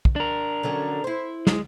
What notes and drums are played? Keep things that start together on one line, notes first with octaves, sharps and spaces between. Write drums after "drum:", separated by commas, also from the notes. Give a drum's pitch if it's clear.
drum: kick
D4 A#4
D3 F#3 C#4
E4 C5
G#3, drum: snare